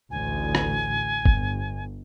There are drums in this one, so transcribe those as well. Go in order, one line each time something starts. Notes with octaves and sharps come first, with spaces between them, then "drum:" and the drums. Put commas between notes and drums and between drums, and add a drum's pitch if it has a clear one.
A1 D2 G#5
drum: rim click
G1, drum: kick